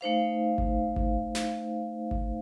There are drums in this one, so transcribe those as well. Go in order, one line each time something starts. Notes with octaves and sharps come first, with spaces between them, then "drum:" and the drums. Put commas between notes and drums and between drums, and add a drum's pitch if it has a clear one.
A3 D#4 C5 F5
drum: kick G#1
drum: kick G#1
drum: snare
drum: kick G#1